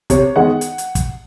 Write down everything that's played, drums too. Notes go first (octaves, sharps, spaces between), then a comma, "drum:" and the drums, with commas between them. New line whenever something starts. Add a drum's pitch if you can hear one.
C3 C#5, drum: kick, hi-hat
D#3 G#3 B3 F#5
drum: hi-hat
drum: hi-hat
drum: kick, hi-hat